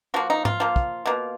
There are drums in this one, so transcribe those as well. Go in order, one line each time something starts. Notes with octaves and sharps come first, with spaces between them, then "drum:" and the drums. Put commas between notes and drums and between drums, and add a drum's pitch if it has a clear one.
F3 A#3 F#4
D#4
F4, drum: tom G#2
F3 A#3
drum: kick
B2 A#3